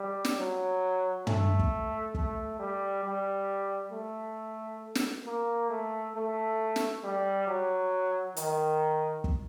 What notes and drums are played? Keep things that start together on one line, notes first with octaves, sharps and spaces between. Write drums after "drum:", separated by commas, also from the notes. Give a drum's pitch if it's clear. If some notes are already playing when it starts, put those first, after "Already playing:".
Already playing: G3
drum: snare
F#3
A3, drum: tom
drum: kick
A3, drum: kick
G3
G3
A3
drum: snare
A#3
A3
A3
drum: snare
G3
F#3
D#3, drum: hi-hat
drum: kick